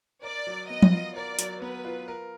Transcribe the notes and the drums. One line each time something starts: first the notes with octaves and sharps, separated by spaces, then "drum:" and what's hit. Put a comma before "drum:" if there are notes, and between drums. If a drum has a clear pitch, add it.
A#4 D5
F#3
B3 D#5
drum: tom
F4
A#4 D5
F#3, drum: hi-hat
B3 B4
F4
A#4